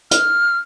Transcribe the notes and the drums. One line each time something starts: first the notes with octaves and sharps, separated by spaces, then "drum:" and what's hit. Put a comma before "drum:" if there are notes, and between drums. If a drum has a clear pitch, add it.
F6, drum: hi-hat